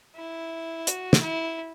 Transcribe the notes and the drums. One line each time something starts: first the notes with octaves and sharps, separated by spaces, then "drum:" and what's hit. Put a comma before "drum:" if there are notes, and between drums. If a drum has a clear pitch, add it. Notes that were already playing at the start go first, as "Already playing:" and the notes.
E4
F#4, drum: hi-hat
drum: snare
E4